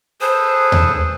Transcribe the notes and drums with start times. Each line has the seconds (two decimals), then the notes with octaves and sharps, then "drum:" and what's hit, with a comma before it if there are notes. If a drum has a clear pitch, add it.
0.21 G#4 A4 B4 C5
0.72 drum: tom D#2